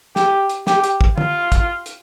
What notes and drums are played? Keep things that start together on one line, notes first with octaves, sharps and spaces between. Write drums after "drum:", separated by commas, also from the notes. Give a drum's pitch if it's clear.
G4, drum: snare
drum: hi-hat
G4, drum: snare
drum: hi-hat
drum: kick
F4, drum: tom
drum: kick, hi-hat
drum: hi-hat